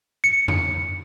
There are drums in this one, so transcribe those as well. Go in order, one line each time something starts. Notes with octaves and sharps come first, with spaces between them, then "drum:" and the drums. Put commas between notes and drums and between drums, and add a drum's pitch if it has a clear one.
C#7
drum: tom F2